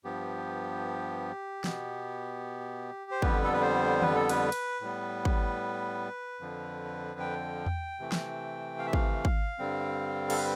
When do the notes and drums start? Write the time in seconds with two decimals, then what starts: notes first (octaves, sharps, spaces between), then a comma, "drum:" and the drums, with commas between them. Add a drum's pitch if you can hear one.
0.04 G2 F3 B3 G4
1.64 B2 B3, drum: snare
3.11 C5
3.22 F2 D3 G3 B3 B4, drum: kick
3.44 A4
3.53 B4
3.62 C5
4.02 B4, drum: tom D#3
4.15 A4
4.29 B4, drum: cymbal
4.52 drum: cymbal
4.81 A2 G3 B3
5.25 drum: kick
6.40 F2 D3 F3
7.20 G5
7.66 drum: tom E2
7.99 C3 E3 A3
8.12 drum: snare
8.79 F5
8.87 E5
8.93 F5, drum: kick
9.25 drum: kick
9.59 G2 D3 G3 C4
10.30 A4, drum: cymbal
10.38 B4